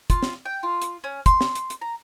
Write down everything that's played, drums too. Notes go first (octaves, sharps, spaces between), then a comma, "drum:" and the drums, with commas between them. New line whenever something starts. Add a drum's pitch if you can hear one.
F4, drum: kick, hi-hat
drum: snare
G5
F4
drum: hi-hat
C#4
C6, drum: kick, hi-hat
drum: snare
drum: hi-hat
drum: hi-hat
A#5